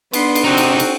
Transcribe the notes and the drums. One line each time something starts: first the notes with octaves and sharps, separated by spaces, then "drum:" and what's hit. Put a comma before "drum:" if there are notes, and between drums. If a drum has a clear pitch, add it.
B3 D4 C6, drum: cymbal
drum: cymbal
C3 C4 D#4 F#4
drum: cymbal
drum: cymbal